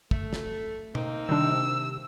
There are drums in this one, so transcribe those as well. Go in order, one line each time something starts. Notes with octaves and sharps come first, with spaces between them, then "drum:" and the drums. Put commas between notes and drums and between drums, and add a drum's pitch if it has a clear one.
A3, drum: kick
drum: snare
A#3 C4 D#4, drum: tom
C3 D#3 G3 D4 E6